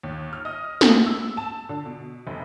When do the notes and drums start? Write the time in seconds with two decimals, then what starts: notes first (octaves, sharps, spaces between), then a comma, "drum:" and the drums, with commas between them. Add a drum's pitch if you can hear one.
0.03 D#2
0.33 F6
0.45 D#5
0.81 drum: snare
1.06 E6
1.37 A5
1.69 D3
1.86 B2
2.27 F1